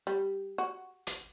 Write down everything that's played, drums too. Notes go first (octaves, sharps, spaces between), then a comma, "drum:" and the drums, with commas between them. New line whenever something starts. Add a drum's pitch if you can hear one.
G3
F#4
drum: hi-hat